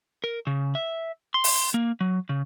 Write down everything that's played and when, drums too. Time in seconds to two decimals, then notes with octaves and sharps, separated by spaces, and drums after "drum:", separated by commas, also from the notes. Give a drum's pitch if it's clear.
0.24 A#4
0.47 C#3
0.75 E5
1.34 C6
1.44 drum: open hi-hat
1.74 A#3
2.01 F#3
2.29 C#3